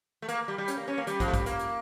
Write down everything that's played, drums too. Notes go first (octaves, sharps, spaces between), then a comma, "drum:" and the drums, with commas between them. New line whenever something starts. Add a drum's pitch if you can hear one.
A3
A#3, drum: hi-hat
G3
G3
C#4, drum: hi-hat
A#3
C#4
A#3
G3, drum: hi-hat
F3, drum: kick, hi-hat
A3
G3, drum: kick, hi-hat
A#3, drum: hi-hat
drum: hi-hat